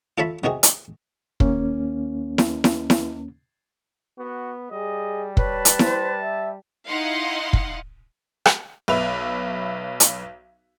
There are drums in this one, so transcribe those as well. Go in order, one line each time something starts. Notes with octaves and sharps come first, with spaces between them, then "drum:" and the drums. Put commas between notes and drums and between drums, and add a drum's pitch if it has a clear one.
F4 A4 C#5 E5 B5
C3 D#3 F#4 G#4
drum: hi-hat
D#2 A#3 C#4, drum: kick
drum: snare E4
drum: snare E4
drum: snare E4
B3 F#4
G3 G#4 D#5
B4 C#5 A5, drum: kick
drum: hi-hat
C5, drum: snare E4
E5
D#4 E4 D#5 F5 F#5 C6
drum: kick
drum: rim click
B1 B4 E5 F7
drum: hi-hat